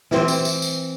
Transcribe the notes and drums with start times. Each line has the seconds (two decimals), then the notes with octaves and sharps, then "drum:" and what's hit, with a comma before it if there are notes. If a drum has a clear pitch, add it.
0.11 E3 C4, drum: snare
0.28 drum: tambourine
0.45 drum: tambourine
0.62 drum: tambourine